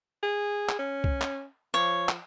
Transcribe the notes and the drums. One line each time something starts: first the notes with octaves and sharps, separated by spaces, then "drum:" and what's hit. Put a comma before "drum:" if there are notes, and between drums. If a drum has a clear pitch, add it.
G#4
drum: clap
C#4
drum: kick C2
drum: clap
F3 C#5
drum: clap